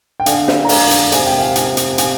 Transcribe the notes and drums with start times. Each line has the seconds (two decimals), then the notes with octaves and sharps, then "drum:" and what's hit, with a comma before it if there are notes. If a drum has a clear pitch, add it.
0.20 G5
0.26 D3 F5 G#5, drum: hi-hat
0.48 drum: snare
0.65 A#5
0.69 D3 F5 G#5, drum: open hi-hat
0.91 drum: hi-hat
1.12 C3 G#5, drum: hi-hat
1.26 G5
1.38 F5 G#5
1.56 F5 G#5, drum: hi-hat
1.77 drum: hi-hat
1.98 F5 G#5, drum: hi-hat